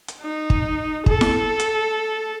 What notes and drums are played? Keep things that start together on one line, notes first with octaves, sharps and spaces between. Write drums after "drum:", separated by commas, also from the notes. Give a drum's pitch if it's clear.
drum: hi-hat
D#4
drum: kick
A4, drum: kick
drum: snare E4
drum: hi-hat